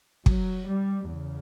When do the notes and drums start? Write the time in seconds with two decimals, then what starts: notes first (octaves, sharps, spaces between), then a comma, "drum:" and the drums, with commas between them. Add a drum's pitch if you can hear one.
0.26 F#3, drum: kick
0.66 G3
1.07 E2 C#3